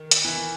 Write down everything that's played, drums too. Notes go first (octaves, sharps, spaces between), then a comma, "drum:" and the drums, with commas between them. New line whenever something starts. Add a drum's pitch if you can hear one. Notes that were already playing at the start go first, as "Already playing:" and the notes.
Already playing: D#3
drum: hi-hat
E3